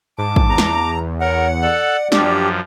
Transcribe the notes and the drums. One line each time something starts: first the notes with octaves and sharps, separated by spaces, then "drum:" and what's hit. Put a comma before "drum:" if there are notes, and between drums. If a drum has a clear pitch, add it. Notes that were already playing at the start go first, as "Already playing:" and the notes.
G#2 A5 D6
drum: kick
E2 A#5
drum: snare
A#4 C#5 F#5
A4 D5 F#6
F#2 F3 D4 G4, drum: snare